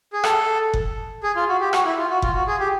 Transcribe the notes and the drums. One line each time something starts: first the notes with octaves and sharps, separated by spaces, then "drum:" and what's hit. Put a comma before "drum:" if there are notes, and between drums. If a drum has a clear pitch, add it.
G#4
A4, drum: rim click
drum: kick F#1
G#4
F4
F#4
G4
F#4, drum: rim click
E4
F4
F#4
F4, drum: kick F#1
F#4
G#4
G4